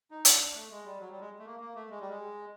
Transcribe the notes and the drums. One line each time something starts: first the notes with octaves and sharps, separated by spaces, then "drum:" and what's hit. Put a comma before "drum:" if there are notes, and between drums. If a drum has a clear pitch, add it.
D#4
D4, drum: hi-hat
D4
A3
G#3
G3
F#3
G3
G#3
A3
A#3
A#3
A3
G#3
G3
G#3